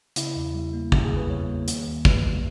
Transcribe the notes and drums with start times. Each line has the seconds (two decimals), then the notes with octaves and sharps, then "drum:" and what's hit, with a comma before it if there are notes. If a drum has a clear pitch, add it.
0.16 C#3 E4, drum: hi-hat
0.36 E2
0.55 G3
0.73 A#3
0.92 C#3, drum: kick
1.04 G#4
1.11 E2
1.17 B4
1.29 G3 C#5
1.49 A#3
1.68 D#3, drum: hi-hat
1.87 D#2
2.05 G3 B4, drum: kick
2.24 D#2